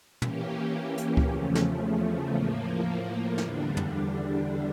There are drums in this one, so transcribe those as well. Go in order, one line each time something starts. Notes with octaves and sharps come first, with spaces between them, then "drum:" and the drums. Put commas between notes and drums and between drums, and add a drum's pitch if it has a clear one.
E3 A#3 C#4 G4, drum: tom
drum: hi-hat
drum: kick C#2
E2 C#3 F3 A3
drum: snare
A2 F3 A#3
E2 D3 G3 D4, drum: snare
drum: tom